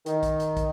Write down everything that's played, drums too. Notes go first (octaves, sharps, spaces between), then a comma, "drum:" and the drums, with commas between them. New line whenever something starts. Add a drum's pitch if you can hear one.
D#3, drum: hi-hat
drum: kick, hi-hat
drum: hi-hat
drum: kick, hi-hat